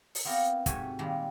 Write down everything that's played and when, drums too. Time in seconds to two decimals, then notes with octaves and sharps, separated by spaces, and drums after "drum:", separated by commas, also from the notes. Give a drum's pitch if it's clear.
0.15 drum: open hi-hat
0.25 B3 C4 F4 A#4 D5
0.66 G#2 C3 A3 F#4 E5 G#5, drum: kick, hi-hat
0.99 A#2 D#3 G3 G#3